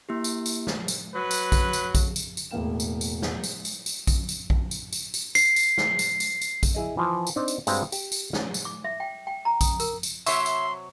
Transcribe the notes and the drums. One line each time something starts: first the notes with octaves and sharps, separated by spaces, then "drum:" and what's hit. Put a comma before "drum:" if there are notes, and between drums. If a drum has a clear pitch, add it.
A#3 E4 G4
drum: tambourine
drum: tambourine
drum: snare
drum: tambourine
F#3 B4
drum: tambourine
drum: kick A#1, tambourine
drum: tambourine
drum: kick A#1, tambourine
drum: tambourine
drum: tambourine
E1 A2 A#3 F5 G5 E7
drum: tambourine
drum: tambourine
drum: snare
drum: tambourine
drum: tambourine
drum: tambourine
drum: kick A#1, tambourine
drum: tambourine
drum: kick A#1
drum: tambourine
drum: tambourine
drum: tambourine
C7, drum: tambourine
drum: tambourine
drum: snare
drum: tambourine
drum: tambourine
drum: tambourine
drum: kick A#1, tambourine
E4 G#4 D#5
E3 F3
drum: tambourine
C4 D4 D#4
drum: tambourine
G2 G#3 C4 F#4 G4, drum: tambourine
G4 G5, drum: tambourine
drum: tambourine
C#4, drum: snare
drum: tambourine
D6
E5
G5
G5
A#5
D#6, drum: kick A#1, tambourine
A#4, drum: tambourine
drum: tambourine
C3 F#3 C#5 E5 C6 C#6, drum: tambourine
drum: tambourine